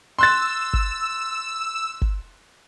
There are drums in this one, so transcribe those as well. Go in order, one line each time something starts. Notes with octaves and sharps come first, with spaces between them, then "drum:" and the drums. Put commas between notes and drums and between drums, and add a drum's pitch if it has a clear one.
C6 E6 F#6 A6
drum: kick G1
drum: kick G1